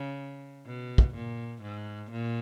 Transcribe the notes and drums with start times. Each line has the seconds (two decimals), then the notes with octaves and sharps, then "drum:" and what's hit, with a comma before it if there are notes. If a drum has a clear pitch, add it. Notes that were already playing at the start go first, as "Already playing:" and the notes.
Already playing: C#3
0.66 B2
0.98 drum: kick
1.15 A#2
1.62 G#2
2.11 A#2